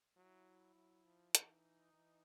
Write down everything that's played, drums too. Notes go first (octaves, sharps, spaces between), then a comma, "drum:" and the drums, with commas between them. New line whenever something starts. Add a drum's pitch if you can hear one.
F#3 E4
F#3
F3
E3 D#4, drum: hi-hat
E3